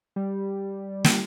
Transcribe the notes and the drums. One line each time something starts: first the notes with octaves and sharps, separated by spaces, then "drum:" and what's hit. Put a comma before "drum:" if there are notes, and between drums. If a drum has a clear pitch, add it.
G3
drum: snare